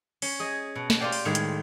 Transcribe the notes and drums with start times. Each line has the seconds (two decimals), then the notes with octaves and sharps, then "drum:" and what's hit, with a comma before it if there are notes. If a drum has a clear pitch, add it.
0.22 C#4, drum: open hi-hat
0.39 G#4 D#5 G#5
0.75 B2
0.90 drum: snare
1.00 F4 G4 C5 D5 F5 G5
1.12 drum: open hi-hat
1.25 A2 D#3 G3 G#3
1.35 drum: hi-hat